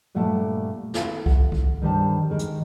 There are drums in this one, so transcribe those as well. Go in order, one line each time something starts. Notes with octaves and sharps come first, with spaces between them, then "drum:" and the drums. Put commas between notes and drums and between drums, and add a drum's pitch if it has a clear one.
G2 A#2 G3 A3 F#5 A5
E4 A4, drum: snare
F#5, drum: kick C2
drum: kick C2
G2 D#3 G3 C5 A5
G#2 D#3
drum: hi-hat